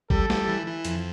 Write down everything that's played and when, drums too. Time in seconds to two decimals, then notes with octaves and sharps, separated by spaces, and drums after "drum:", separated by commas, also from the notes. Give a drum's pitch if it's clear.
0.10 G3 A4, drum: kick G#1
0.30 G3, drum: snare
0.48 E3
0.67 E3
0.85 F2, drum: hi-hat